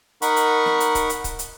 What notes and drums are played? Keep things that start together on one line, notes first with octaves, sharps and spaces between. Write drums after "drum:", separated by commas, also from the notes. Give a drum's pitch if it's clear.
D#4 A#4 F#5 B5 C#6, drum: hi-hat
drum: hi-hat
drum: snare
drum: hi-hat
drum: kick C#1, hi-hat
drum: hi-hat
drum: kick C#1, hi-hat
drum: hi-hat